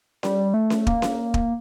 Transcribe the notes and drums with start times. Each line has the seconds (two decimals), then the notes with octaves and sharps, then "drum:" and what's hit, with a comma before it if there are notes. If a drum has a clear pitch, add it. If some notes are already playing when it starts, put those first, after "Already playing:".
0.23 G3, drum: snare C#4
0.54 A3
0.70 drum: snare C#4
0.87 A#3, drum: kick
1.02 drum: snare C#4
1.34 drum: kick